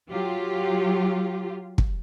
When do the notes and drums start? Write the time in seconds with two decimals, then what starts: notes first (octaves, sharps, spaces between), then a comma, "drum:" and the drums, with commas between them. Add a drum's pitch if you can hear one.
0.10 F#3 F4 G4
1.78 drum: kick